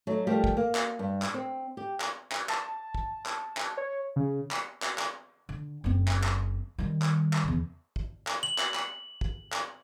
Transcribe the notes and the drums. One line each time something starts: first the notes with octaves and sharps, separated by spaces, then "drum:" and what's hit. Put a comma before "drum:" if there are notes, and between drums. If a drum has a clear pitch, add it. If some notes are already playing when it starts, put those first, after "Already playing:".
F#3 A3 D#4
F3 G3 A3 G4 A#4
drum: kick
A#3
drum: clap
G2
drum: clap
C4
G4
drum: clap
drum: clap
A5, drum: clap
drum: kick
drum: clap
drum: clap
C#5
C#3
drum: clap
drum: clap
drum: clap
D3
F#1 C4
drum: clap
drum: clap
D#3 G3
drum: clap
drum: clap
E2 C#3
drum: kick
drum: clap
F#7
drum: clap
drum: clap
drum: kick
drum: clap